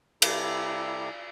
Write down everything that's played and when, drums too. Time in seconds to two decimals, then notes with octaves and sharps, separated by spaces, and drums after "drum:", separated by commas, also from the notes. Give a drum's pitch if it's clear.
0.22 C3 G3 E4 G4 A4 A#5, drum: cymbal